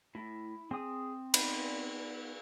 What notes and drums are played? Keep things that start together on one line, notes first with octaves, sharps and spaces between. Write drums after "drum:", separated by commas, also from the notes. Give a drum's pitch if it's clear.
A2 E4
C4 G#4 D#6
B3 D#4 B5, drum: cymbal